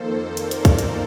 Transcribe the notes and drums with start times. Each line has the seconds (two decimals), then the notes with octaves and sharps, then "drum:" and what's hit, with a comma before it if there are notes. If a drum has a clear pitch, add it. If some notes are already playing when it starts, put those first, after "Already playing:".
Already playing: F2 D#3 A#3 A4 C5
0.37 A#4 D5, drum: hi-hat
0.51 drum: hi-hat
0.65 drum: kick, hi-hat
0.79 drum: hi-hat